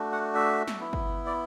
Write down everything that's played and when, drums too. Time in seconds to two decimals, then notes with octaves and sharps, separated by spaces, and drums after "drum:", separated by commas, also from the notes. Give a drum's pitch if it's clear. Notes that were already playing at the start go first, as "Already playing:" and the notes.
Already playing: A3 D4 F#4
0.12 F#5
0.35 E5
0.68 drum: snare
0.80 B3 E4
0.93 drum: kick
1.26 D5